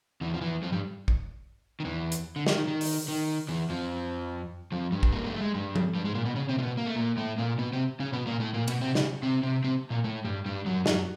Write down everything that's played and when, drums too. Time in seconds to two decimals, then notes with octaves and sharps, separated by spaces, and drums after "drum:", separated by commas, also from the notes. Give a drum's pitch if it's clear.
0.21 E2 E3
0.34 F3
0.41 E2 E3
0.62 F2 F3
0.72 G2 G3
1.08 drum: kick
1.80 D#3
1.85 E2 E3
2.12 drum: hi-hat
2.36 D3
2.47 D#3, drum: snare
2.68 D#3
2.81 drum: open hi-hat
3.08 D#3
3.49 E2 E3
3.70 F2 F3
4.72 F2 F3
4.92 G2 G3
5.03 drum: kick
5.12 A#3
5.26 A3
5.41 G#3
5.54 G2 G3
5.76 drum: tom F3
5.95 G2 G3
6.05 G#2 G#3
6.15 A#2 A#3
6.25 B2 B3
6.36 C#3 C#4
6.49 C3 C4
6.58 A#3
6.63 B2 B3
6.77 A#3
6.86 A3
6.96 A#2 A#3
7.17 A2 A3
7.38 A#2 A#3
7.58 B2 B3
7.73 C3 C4
7.99 C#3 C#4
8.13 B2 B3
8.26 A#2 A#3
8.40 A2 A3
8.54 A#2 A#3
8.68 B2 B3, drum: cymbal
8.81 C3 C4
8.95 C#3 C#4, drum: snare
9.23 C3 C4
9.43 C3 C4
9.64 C3 C4
9.90 A#2 A#3
10.04 A2 A3
10.25 G2 G3
10.46 G2 G3
10.66 F#2 F#3
10.86 F#2 F#3, drum: snare